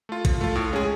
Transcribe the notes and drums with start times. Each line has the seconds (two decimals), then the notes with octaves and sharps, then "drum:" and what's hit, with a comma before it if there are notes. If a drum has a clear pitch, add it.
0.09 A3 F4
0.25 F3, drum: kick A#1, hi-hat
0.41 A3 F4
0.55 A2
0.73 G#3 C#4 G#4